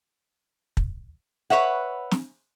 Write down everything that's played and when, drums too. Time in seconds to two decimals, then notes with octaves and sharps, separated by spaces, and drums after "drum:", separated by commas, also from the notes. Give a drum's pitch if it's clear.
0.77 drum: kick
1.50 B4 C#5 E5 F#5
2.11 drum: snare